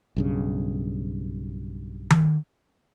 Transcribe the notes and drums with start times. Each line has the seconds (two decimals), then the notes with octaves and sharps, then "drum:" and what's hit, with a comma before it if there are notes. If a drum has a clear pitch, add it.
0.16 B1 G2 C#3
2.10 drum: tom D#3